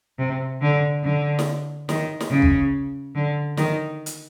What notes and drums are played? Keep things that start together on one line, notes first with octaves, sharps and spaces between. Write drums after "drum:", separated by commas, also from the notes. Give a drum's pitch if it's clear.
C3
D3
D3
drum: snare
D#3, drum: snare
drum: snare
C#3
drum: kick
D3
D#3, drum: snare
drum: hi-hat